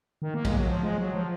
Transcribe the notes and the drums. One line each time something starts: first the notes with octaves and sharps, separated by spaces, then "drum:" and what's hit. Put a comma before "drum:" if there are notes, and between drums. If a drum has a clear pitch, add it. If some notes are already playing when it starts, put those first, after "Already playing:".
D#3
A#3
G#3, drum: kick, cymbal
F#3
F3
G#3
F#3
F3